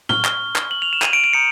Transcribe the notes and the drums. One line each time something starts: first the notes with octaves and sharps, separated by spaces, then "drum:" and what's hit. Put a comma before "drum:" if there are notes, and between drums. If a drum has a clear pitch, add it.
C#6 F6 G7, drum: tom
drum: clap
drum: clap
F#7
F7
E7
D#7, drum: clap
D7
D7
A#5 D#6 G6 C#7